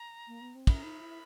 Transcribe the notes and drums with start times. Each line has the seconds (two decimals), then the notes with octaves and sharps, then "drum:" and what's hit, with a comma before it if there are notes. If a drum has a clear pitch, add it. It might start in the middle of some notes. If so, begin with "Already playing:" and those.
Already playing: A#5
0.28 A#3
0.41 B3
0.55 C4
0.67 C#4 B5, drum: kick, cymbal
0.75 A#5
0.83 D#4 B5
1.01 E4